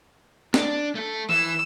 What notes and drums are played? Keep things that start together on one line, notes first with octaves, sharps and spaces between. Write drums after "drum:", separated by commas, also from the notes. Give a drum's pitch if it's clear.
D4, drum: snare
A3 A4
E3 E6